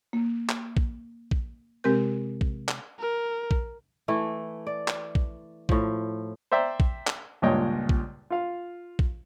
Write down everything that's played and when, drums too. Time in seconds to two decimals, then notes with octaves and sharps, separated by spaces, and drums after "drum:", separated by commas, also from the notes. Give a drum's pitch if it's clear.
0.13 A#3
0.49 drum: clap
0.77 drum: kick A#1
1.31 drum: kick A#1
1.84 C3 G#3 C4 G4 A#4 G6
2.41 drum: kick A#1
2.68 drum: clap
2.99 A#4
3.51 drum: kick A#1
4.08 E3 A3 E4
4.67 D5
4.88 drum: clap
5.15 drum: kick A#1
5.69 A2 F3, drum: kick A#1
6.52 C5 D5 E5 G5 A#5
6.80 drum: kick A#1
7.07 drum: clap
7.42 C#2 G2 A#2 C#5 D#5 G5
7.89 drum: kick A#1
8.30 F4 F5
8.99 drum: kick A#1